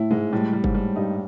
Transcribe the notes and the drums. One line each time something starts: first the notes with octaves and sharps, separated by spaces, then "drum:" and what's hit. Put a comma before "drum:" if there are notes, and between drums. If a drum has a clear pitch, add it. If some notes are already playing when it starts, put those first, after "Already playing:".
Already playing: A2 E4
G#2 G#3
A2 G3
G3
G#2, drum: kick F#1
G3
G2 D#4